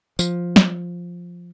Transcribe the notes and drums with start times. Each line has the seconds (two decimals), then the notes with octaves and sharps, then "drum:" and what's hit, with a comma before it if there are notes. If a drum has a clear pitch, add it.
0.19 F3, drum: tambourine
0.56 drum: snare